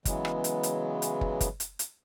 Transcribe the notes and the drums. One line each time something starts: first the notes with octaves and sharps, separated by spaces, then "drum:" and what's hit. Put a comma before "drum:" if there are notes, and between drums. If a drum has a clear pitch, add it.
C#3 E3 F#3 G#3 B3, drum: kick, hi-hat
drum: rim click
drum: hi-hat
drum: hi-hat
drum: hi-hat
drum: kick
drum: kick, hi-hat
drum: hi-hat
drum: hi-hat